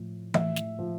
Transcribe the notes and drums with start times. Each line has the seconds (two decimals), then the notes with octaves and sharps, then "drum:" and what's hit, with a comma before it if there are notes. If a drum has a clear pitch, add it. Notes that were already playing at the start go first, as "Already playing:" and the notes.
Already playing: A2 F3
0.34 A2 E5, drum: tom E3
0.56 drum: snare
0.79 F3